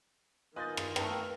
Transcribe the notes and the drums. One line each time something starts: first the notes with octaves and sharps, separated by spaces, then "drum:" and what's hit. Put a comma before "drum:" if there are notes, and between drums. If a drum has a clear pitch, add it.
D#3 F4 B4 D#5 G#5 D#6 G6 A6
drum: rim click
A3 D#4 B4 F5 G5 A5 A#5, drum: rim click